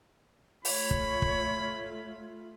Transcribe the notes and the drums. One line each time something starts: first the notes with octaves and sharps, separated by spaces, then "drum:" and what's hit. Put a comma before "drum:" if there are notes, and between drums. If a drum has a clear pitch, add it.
A3 F4 C#5 B5, drum: open hi-hat
drum: kick
drum: kick